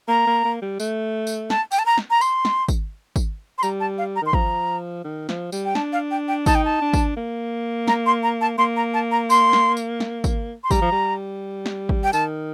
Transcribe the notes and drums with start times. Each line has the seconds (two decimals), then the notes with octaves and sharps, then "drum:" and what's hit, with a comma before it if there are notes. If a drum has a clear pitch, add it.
0.08 A#3 A#5
0.27 A#3
0.45 A#3
0.62 G3
0.80 A3, drum: tambourine
1.27 drum: tambourine
1.50 A5, drum: snare
1.72 G5, drum: tambourine
1.79 A5
1.86 A#5
1.98 drum: snare
2.10 A#5
2.21 C6, drum: tambourine
2.45 drum: snare
2.68 drum: kick, tambourine
3.16 drum: kick, tambourine
3.58 C6
3.63 G3 A#5, drum: tambourine
3.80 A5
3.98 F5
4.16 A#5
4.22 D#3 C6
4.33 F3 A#5, drum: kick
5.04 D#3
5.29 F3, drum: snare
5.52 G3, drum: tambourine
5.65 G5
5.75 D4 A5, drum: snare
5.93 F5
6.11 G5
6.28 G5
6.46 D#4 A5, drum: kick, tambourine
6.55 G5
6.65 A5
6.82 D4
6.93 drum: kick, tambourine
7.17 A#3
7.88 A#5, drum: snare
8.06 C6
8.23 A#5
8.41 A5
8.58 A#3 C6
8.76 A#5
8.94 A5
9.11 A#5
9.30 C6, drum: tambourine
9.53 drum: snare
9.77 drum: tambourine
10.00 drum: snare
10.24 drum: kick, tambourine
10.64 C6
10.71 G3 A#5, drum: kick, tambourine
10.81 F3
10.92 G3
11.66 drum: snare
11.89 drum: kick
12.04 G5
12.13 D#3 A5, drum: tambourine